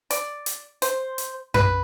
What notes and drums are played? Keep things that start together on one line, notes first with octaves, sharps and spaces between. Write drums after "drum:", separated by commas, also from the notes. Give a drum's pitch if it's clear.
D5, drum: hi-hat
drum: hi-hat
C5, drum: hi-hat
drum: hi-hat
B4, drum: tom F#2